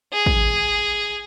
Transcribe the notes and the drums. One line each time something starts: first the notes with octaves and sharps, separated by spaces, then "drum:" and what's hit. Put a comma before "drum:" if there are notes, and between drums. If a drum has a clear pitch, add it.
G#4
drum: kick